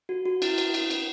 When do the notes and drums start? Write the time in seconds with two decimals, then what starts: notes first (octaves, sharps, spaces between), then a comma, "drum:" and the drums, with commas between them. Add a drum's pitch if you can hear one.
0.09 F#4
0.26 F#4
0.42 E4, drum: cymbal
0.58 drum: cymbal
0.74 drum: cymbal
0.90 drum: cymbal